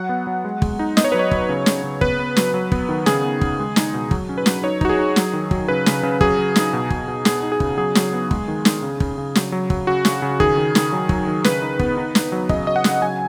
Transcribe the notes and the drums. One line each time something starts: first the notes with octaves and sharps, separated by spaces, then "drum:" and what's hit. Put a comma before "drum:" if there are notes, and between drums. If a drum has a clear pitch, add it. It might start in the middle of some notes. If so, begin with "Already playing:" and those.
Already playing: F#3 F#5
B3
F#3
G#3
G#3, drum: kick
D#4
B3 D#5, drum: snare
C#5
F#3 B4
C#5
F#3, drum: kick
C#3
C#3, drum: snare
C#3
B3 B4, drum: kick
B3
F#3, drum: snare
F#3
B3, drum: kick
D#3
C#3 G#4, drum: snare
B3
C#3, drum: kick
G#3
D#4, drum: snare
B2
F#3, drum: kick
C#4
B4
F#3, drum: snare
D#4 C#5
D#4 F#4, drum: kick
G#4
D#4
F#3, drum: snare
D#3
F#3, drum: kick
C#3 B4
C#3, drum: snare
C#3
F#3 G#4, drum: kick
F#3
D#4, drum: snare
B2
B2, drum: kick
B2
B3 G#4, drum: snare
D#4
G#4
C#3, drum: kick
F#3 G#4
F#3, drum: snare
B3
G#3, drum: kick
D#3
D#3, drum: snare
C#3
C#3, drum: kick
C#3
F#3, drum: snare
F#3
F#3, drum: kick
C#3 F#4
C#3, drum: snare
C#3
D#3 G#4, drum: kick
D#3
D#3, drum: snare
F#3
F#3, drum: kick
D#3
C#3 B4, drum: snare
D#4
B3, drum: kick
D#4
D#4, drum: snare
F#3
C#3 D#5, drum: kick
F#3 D#5
F#5
C#3, drum: snare
F#3 G#5